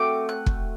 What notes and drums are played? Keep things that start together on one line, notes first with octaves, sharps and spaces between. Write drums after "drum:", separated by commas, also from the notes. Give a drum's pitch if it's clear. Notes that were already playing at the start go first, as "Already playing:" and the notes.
Already playing: A3 C4 F#4 D6
F#6
drum: kick